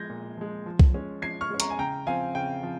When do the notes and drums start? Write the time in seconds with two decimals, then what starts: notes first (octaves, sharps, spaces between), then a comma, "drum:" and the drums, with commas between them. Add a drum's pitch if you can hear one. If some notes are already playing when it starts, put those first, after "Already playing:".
Already playing: F3 G#3 G6 G#6 A#6
0.10 A#2
0.37 F3 G#3
0.66 F3
0.79 drum: kick
0.94 G#3 C#4
1.22 F3 G#6 C7
1.41 C#6 F6
1.50 G#3 C#4
1.60 A#5 C#6, drum: hi-hat
1.70 G#5
1.79 C#3 G5 A#5
2.07 F3 C4 F5 G#5
2.34 C#3 G5
2.63 F3